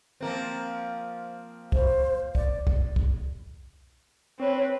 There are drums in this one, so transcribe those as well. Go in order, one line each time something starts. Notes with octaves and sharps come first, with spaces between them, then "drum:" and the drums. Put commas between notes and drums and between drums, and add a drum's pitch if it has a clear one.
F3 A#3 C4
C5, drum: kick
D5, drum: kick
drum: kick
drum: kick
C4 B4 C#5